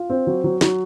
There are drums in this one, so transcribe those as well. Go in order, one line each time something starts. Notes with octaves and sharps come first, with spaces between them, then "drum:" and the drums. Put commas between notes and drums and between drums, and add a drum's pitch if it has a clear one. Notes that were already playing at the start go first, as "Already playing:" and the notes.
Already playing: F4
C4
F#3
F#3
F#3, drum: snare